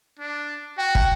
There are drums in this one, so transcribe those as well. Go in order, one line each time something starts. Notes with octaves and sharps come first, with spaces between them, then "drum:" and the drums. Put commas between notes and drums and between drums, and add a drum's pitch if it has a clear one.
D4
F#4 G5
drum: kick